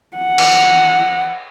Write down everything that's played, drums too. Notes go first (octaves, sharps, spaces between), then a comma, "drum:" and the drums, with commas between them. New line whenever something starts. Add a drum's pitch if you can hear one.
F#5
drum: cymbal